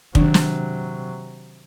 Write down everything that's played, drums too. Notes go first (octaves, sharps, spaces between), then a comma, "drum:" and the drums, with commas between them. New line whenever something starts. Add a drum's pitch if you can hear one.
C3 D#3 F#3 D4, drum: kick
drum: snare